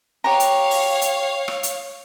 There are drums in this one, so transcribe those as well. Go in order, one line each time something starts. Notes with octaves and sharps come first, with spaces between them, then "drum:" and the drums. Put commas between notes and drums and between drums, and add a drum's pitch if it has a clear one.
G4 C#5 F5 F#5 A#5
drum: hi-hat
drum: open hi-hat
drum: hi-hat
drum: rim click
drum: hi-hat